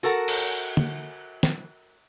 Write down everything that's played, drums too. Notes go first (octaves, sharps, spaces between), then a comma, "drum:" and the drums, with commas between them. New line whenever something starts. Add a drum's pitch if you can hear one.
F#4 A4 A#4 F#5
drum: cymbal
drum: tom
drum: snare